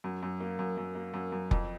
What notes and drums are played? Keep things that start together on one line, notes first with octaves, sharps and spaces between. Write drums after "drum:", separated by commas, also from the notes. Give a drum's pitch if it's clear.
F#2
F#2
A#3
F#2
F#2
A#3
F#2
F#2
F2, drum: kick F1